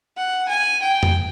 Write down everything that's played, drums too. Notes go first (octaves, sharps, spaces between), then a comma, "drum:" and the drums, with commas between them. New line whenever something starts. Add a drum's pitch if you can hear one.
F#5
G#5
G5
drum: tom F2